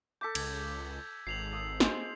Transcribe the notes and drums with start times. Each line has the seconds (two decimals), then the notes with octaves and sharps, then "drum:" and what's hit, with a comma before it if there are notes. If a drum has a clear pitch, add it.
0.21 A4 D6 G6 B6
0.35 C#2 G#6, drum: cymbal
1.27 G#1 C7 F7 F#7
1.53 D#6 E6
1.80 G#3 C5, drum: snare